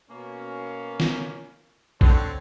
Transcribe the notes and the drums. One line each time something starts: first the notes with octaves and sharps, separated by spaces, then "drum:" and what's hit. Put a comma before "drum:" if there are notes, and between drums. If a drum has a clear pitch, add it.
B2 A#3 C#4
drum: snare
D2 D3 C4 C#5, drum: kick A#1